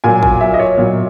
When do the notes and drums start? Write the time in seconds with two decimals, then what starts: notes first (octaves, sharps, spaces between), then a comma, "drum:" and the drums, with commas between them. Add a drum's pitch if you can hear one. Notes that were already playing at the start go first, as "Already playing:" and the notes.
0.04 A#2 F#3 G#5
0.23 G#5, drum: kick
0.41 E5
0.54 D#5
0.59 C#5
0.78 A#2 F#3